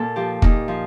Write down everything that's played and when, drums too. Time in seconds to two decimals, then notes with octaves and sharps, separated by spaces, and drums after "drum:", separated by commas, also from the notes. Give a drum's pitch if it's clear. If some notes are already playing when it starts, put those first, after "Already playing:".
Already playing: A#2 A4
0.16 F3 G4
0.42 A#2 D#4, drum: kick
0.68 F3